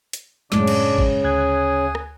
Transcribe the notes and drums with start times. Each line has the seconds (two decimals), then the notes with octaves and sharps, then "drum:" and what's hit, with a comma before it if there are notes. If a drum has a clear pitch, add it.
0.13 drum: hi-hat
0.52 F#2 A2 C#3 G#3 D4, drum: snare
0.67 drum: cymbal
0.98 drum: kick G#1
1.24 D2 G#4 F#6 G#6
1.95 drum: rim click